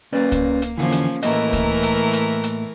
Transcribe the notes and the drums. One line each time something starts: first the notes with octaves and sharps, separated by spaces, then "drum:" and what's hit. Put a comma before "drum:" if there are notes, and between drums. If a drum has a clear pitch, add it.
A#3 C#4 B4 D5
drum: kick C#2, hi-hat
drum: hi-hat
F2 D3 E3 F3 A#3 C#4
drum: hi-hat
A2 E3 A3 A#3 A#4 D#5, drum: hi-hat
drum: kick C#2, hi-hat
drum: hi-hat
drum: hi-hat
drum: hi-hat